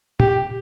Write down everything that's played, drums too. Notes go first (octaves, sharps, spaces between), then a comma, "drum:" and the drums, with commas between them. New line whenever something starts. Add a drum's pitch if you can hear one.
G4, drum: tom